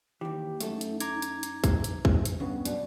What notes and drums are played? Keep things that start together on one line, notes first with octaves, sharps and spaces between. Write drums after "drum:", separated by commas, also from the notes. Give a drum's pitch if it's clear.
D#2 E3 D#4 G4
F#2 A3 A4, drum: hi-hat
drum: hi-hat
A#5 D6 G#6, drum: hi-hat
drum: hi-hat
drum: hi-hat
drum: kick, hi-hat
drum: hi-hat
drum: kick
drum: hi-hat
G2 C#3 B3
F#2 B2 D5, drum: hi-hat